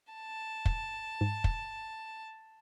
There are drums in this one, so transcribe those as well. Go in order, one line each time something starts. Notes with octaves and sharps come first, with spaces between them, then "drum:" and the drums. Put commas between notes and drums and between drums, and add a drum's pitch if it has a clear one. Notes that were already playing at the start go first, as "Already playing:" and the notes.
A5
drum: kick
G#2
drum: kick